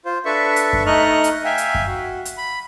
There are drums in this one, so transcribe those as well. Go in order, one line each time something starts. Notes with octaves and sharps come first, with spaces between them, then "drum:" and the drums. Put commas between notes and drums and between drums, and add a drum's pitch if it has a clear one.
F4 C5
D4 A4 B4 E5 C#6
drum: hi-hat
drum: kick F#2
A3 D#4 D#5 C#6 F6 F#6
drum: hi-hat
E5 F5 G5 G#5
drum: hi-hat
drum: kick F#2
F#4
drum: hi-hat
B5